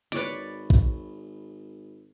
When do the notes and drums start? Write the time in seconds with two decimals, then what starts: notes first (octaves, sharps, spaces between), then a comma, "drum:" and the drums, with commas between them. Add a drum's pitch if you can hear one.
0.12 G#1 B4 C#5 D5, drum: hi-hat
0.70 drum: kick